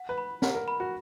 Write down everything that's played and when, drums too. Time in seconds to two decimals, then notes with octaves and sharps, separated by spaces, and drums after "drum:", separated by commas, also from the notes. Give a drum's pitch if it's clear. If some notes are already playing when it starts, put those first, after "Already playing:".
Already playing: F#5
0.09 B4
0.18 B5
0.42 A#4 F#5, drum: snare
0.54 A#4
0.68 B5
0.80 F#4